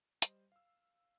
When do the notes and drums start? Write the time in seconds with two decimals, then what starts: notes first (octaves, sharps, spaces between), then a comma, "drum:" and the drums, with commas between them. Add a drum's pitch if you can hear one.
0.22 G3 C5 D#5, drum: hi-hat
0.52 F5 E6